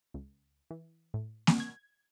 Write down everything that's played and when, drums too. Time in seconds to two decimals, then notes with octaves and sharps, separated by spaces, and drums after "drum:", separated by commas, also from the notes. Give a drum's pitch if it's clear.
0.14 C#2
0.71 E3
1.14 A2
1.47 drum: snare A#3
1.60 G#6